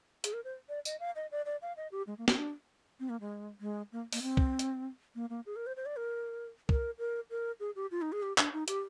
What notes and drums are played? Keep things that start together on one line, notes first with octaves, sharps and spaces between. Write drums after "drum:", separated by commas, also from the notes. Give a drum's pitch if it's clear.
G#4, drum: hi-hat
A#4
C5
D5
D#5, drum: tambourine
F5
D#5
D5
D5
F5
D#5
G4
G#3
A#3
C4, drum: snare
D4
C4
A#3
G#3
G#3
A#3
A#3, drum: open hi-hat
C4
drum: kick
drum: hi-hat
A#3
A#3
G#4
A#4
C5
C5
D5
A#4
A#4, drum: kick
A#4
A#4
G#4
G4
F4
D#4
G#4
G4
D4, drum: clap
D#4
G4, drum: hi-hat